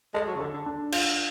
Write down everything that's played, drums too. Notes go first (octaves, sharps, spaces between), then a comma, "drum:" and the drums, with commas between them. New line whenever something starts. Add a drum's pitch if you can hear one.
G#3 A4
F#3
C#3
D3 A4
D3
D4
F4, drum: cymbal